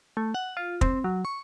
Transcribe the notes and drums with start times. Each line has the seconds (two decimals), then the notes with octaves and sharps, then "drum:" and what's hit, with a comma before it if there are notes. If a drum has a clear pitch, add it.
0.17 A3
0.34 F#5
0.57 F4
0.81 C4, drum: kick
1.04 F#3
1.25 C#6